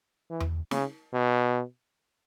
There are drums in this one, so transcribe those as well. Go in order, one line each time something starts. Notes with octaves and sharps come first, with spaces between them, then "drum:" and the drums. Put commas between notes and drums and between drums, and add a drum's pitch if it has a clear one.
E3
drum: tom E2
C#3, drum: snare
B2